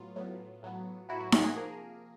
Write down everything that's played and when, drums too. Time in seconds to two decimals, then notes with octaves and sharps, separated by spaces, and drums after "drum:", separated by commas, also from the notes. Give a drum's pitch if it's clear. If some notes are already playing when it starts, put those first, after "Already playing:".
Already playing: A2 F#3 B3 F4
0.16 A2 F#3 B3
0.63 A2 F#3 B3
1.09 A2 F#3 B3 E4 F#4
1.20 E4 F#4
1.32 E4 F#4, drum: snare D#4
1.44 F#4 G#4
1.56 C3 F3 A#3 G#4 A#4